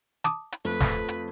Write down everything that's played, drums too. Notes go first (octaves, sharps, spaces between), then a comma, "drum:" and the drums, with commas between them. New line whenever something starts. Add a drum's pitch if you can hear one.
A5 D6 D#6, drum: hi-hat
drum: hi-hat
F2 A3 B4
drum: snare
drum: hi-hat